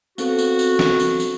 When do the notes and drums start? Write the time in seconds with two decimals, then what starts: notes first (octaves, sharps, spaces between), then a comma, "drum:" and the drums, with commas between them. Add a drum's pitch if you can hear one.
0.18 B3 C4 F#4 A4, drum: tambourine
0.39 drum: tambourine
0.59 drum: tambourine
0.79 drum: snare
0.99 drum: tambourine
1.20 drum: tambourine